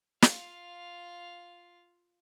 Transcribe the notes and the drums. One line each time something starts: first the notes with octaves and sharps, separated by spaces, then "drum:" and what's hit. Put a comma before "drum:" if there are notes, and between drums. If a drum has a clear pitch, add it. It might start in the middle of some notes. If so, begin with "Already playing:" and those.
F4 F5, drum: snare